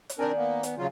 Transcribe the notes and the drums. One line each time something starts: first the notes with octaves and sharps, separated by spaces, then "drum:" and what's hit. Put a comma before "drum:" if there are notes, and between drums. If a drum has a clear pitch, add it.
drum: hi-hat
D#3 C4 D4 A#4 D5 G#5
A#3 B3
B3, drum: hi-hat
C#3 F#3 F4